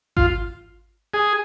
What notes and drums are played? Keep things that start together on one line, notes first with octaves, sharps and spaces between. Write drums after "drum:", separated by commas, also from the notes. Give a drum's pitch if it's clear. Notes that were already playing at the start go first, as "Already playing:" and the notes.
F4, drum: kick G#1
G#4